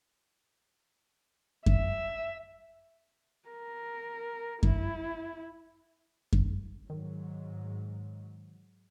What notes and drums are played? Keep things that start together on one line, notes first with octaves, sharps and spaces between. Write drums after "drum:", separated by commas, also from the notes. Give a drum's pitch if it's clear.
E5, drum: kick F#2
A#4
E4, drum: kick F#2
drum: kick F#2
G#2 D#3 F#3